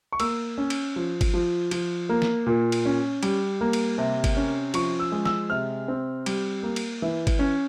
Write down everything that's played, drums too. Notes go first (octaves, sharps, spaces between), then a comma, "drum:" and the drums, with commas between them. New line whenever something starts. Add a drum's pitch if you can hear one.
C#6
A#3 E6, drum: cymbal
C#4
drum: cymbal
F3
drum: kick G1, cymbal
F3
F3, drum: cymbal
A#3
drum: snare
A#2
drum: cymbal
C#4
G3, drum: cymbal
A#3
drum: cymbal
C3
drum: kick G1, cymbal
C#4
F3 C#6, drum: cymbal
E6
G#3
E6, drum: snare
C3 F6
C4
G3, drum: cymbal
A#3
drum: cymbal
E3
drum: kick G1, cymbal
C#4